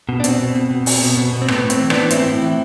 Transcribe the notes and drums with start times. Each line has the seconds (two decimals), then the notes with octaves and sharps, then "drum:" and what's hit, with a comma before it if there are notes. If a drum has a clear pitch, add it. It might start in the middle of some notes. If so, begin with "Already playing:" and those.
0.09 B2
0.20 D4
0.24 B2 C4, drum: hi-hat
0.40 B2
0.55 B2
0.70 B2
0.86 B2, drum: open hi-hat
1.02 B2
1.18 B2
1.33 B2
1.42 C4
1.48 A2 B3, drum: rim click
1.64 A2
1.70 C4, drum: hi-hat
1.80 E3
1.90 B3 D4, drum: rim click
1.96 E3
2.11 A2 C4 E4, drum: hi-hat
2.27 A2
2.42 E3